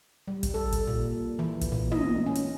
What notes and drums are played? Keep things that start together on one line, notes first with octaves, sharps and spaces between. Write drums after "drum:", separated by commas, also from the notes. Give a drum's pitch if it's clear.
G3
drum: kick, hi-hat
A4
drum: kick, hi-hat
A#2
E3
drum: kick, hi-hat
A#2
D#5, drum: tom
C#4
drum: hi-hat